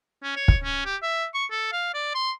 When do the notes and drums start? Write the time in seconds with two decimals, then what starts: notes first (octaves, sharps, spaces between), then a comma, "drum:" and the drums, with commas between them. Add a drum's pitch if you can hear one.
0.23 C#4
0.36 C#5
0.48 drum: kick
0.64 C#4
0.85 G4
1.02 E5
1.34 C#6
1.51 A4
1.72 F5
1.94 D5
2.14 C6